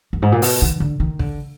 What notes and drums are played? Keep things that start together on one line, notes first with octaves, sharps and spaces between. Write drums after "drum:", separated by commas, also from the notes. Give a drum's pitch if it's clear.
F#2
G#2
A#2
B2, drum: open hi-hat
D#3
D3
D#3
D3, drum: kick